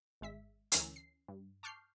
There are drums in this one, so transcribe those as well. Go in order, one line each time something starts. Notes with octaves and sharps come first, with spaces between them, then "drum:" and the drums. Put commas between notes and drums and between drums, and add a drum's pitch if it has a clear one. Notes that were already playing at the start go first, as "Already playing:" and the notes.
G#1 G#3 E5 B6
D2 E3 C#4 A#4 G#5 E6, drum: hi-hat
C7
G2
A5 C#6 D6 F6 G6 C7